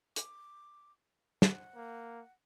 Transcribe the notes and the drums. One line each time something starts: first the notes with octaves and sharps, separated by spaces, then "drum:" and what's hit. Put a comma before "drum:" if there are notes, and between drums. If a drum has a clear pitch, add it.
D6, drum: hi-hat
F#5, drum: snare
A#3